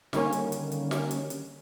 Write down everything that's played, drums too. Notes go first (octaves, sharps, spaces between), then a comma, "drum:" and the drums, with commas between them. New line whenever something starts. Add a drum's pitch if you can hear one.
D3 D#3 G3 A#3 C#4, drum: snare
drum: hi-hat
drum: hi-hat
drum: hi-hat
drum: snare
drum: hi-hat
drum: hi-hat